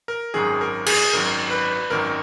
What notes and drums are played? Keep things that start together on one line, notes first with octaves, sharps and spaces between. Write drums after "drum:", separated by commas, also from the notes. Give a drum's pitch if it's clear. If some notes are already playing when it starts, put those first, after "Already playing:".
A#4
G#1 F#2 D#3 F#3 G#4
A#4
G#4, drum: cymbal
G#1 F#2 D#3 F#3 A#4
B4
G#1 F#2 D#3 F#3 A#4